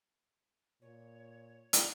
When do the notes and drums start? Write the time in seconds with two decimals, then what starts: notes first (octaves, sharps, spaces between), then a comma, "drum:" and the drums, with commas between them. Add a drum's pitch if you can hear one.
0.82 A#2 C#5
1.73 drum: hi-hat